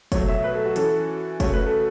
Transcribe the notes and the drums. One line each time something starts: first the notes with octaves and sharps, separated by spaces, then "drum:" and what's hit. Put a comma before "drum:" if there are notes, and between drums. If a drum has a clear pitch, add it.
B2 F#3 A3 C#5, drum: kick, hi-hat
E5
B4
A4
F#4
E3 C#4 F#4 A4, drum: hi-hat
C#3 A3 F#4 C#5, drum: kick, hi-hat
B4
A4